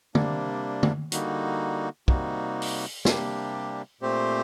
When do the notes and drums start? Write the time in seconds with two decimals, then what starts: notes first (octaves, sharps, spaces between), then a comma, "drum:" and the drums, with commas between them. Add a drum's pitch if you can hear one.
0.15 C3 G3 A#3 D4, drum: tom
0.83 drum: tom
1.12 D3 G3 A#3 D#4 F#4, drum: hi-hat
2.08 C3 G3 A#3 D#4 F#4, drum: kick
2.62 drum: open hi-hat
3.05 C3 G3 A#3 D4 G4, drum: snare
4.01 A#2 A3 C4 G4 C5